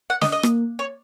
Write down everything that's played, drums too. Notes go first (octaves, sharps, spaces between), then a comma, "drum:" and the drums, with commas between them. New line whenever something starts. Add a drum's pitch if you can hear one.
F#5
D#5, drum: snare
D#5
A#3, drum: rim click
C#5